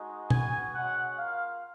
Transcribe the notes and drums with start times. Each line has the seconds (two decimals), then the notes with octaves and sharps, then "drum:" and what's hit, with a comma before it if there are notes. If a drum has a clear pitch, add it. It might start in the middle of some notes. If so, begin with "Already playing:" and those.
Already playing: G#3 D#4 F#4
0.30 B3 F#4 G#5, drum: tom B2
0.74 G#3 C#4 F#4 F#5
1.18 A#3 F4 F5